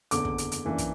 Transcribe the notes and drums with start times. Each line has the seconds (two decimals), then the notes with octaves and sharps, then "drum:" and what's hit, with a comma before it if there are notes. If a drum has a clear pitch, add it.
0.11 F#1 E2 D3 D6, drum: hi-hat
0.25 drum: kick
0.38 drum: hi-hat
0.52 drum: hi-hat
0.65 F#2 E3 A#3 D4
0.78 drum: kick, hi-hat